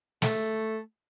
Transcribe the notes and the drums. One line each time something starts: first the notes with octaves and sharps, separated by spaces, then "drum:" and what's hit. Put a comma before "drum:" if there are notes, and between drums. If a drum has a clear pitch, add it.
A3, drum: snare